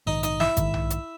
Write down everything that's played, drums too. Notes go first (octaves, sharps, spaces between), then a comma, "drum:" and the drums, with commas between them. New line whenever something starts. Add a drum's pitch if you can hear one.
A#1 G#2 D#3 D#4 D#5
D#4 D#5, drum: hi-hat
E4 E5, drum: snare
A#1 G#2 D#3, drum: kick G#1, hi-hat
drum: tom B1
drum: hi-hat